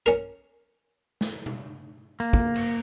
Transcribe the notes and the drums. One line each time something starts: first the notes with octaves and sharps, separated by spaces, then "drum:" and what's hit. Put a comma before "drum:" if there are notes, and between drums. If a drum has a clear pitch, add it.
C#4 A#4
drum: snare
drum: tom B2
A#3, drum: hi-hat
drum: kick
drum: cymbal